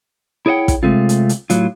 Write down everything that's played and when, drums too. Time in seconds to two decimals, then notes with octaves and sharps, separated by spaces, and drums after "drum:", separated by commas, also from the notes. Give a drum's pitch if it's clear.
0.46 E4 G#4 C#5 D#5 F#5 G5
0.68 drum: kick, hi-hat
0.83 C3 G#3 A3 C4 F4
1.09 drum: hi-hat
1.29 drum: hi-hat
1.50 A2 F#3 F4, drum: hi-hat